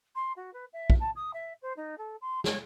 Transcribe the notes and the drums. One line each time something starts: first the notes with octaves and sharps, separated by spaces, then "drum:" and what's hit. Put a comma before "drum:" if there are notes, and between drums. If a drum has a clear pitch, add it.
C6
F#4
B4
E5
drum: kick
A5
D#6
E5
C5
D#4
A4
C6
C#5, drum: snare